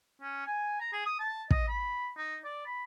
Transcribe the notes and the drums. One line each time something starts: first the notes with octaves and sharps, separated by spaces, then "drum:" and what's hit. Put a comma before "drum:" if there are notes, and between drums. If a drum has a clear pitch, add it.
C#4
G#5
A#5
G#4
D#6
A5
D#5, drum: kick
B5
D#4
D5
B5